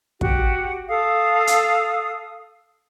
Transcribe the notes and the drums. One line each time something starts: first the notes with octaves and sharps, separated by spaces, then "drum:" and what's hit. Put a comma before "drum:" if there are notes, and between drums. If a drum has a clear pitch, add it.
F#4 G4, drum: kick
A4 F5 D#6
drum: hi-hat